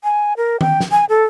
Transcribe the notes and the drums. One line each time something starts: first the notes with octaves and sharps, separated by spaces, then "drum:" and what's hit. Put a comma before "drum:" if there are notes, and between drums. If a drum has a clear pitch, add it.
G#5
A#4
G5, drum: tom D#3
drum: snare
G#5
A4